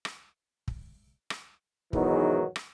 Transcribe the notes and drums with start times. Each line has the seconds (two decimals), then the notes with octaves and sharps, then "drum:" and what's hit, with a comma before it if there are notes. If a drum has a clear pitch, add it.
0.05 drum: rim click
0.68 drum: kick
1.30 drum: rim click
1.93 E2 G#2 B2 D#3 E3 F#3, drum: kick
2.56 drum: rim click